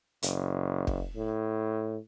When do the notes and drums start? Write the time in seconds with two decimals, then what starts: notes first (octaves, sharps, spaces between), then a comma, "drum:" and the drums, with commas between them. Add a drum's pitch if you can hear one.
0.22 F#1, drum: hi-hat
0.87 drum: kick
1.16 A2